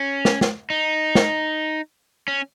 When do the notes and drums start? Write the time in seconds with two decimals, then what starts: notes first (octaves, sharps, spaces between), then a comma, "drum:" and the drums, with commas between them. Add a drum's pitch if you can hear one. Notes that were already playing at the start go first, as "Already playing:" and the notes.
Already playing: C#4
0.25 drum: snare
0.41 drum: snare
0.70 D#4
1.15 drum: snare
2.28 C#4